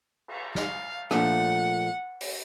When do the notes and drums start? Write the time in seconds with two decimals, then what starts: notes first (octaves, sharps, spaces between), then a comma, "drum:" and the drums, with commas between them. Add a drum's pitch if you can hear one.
0.28 drum: cymbal
0.55 F5, drum: snare
1.11 A#2 F3 A3 D4 F#5, drum: rim click
2.21 drum: open hi-hat